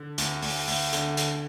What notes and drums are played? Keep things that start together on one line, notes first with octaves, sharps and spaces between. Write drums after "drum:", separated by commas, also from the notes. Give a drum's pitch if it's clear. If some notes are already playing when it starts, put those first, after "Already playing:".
Already playing: D3
D2, drum: hi-hat
D2, drum: open hi-hat
D2, drum: open hi-hat
D3, drum: hi-hat
D3, drum: hi-hat